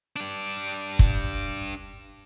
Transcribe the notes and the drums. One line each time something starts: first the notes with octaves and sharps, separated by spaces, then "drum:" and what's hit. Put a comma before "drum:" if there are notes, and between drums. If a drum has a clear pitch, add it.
D4 G4
drum: kick